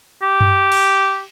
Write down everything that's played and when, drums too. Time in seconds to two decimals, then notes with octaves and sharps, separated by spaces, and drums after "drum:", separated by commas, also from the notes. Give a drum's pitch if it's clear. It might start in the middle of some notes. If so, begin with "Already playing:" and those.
0.22 G4
0.41 drum: tom F#2
0.72 drum: cymbal